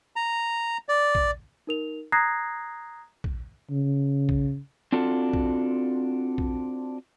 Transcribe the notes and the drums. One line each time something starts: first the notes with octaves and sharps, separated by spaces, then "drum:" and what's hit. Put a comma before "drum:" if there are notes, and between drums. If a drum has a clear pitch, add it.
A#5
D5
drum: kick A#1
D#4 A#4 F7
A#5 D#6 F#6 G#6 A#6 C7
drum: kick A#1
C#3
drum: kick A#1
C4 D4 F4 F#4 A4
drum: kick A#1
drum: kick A#1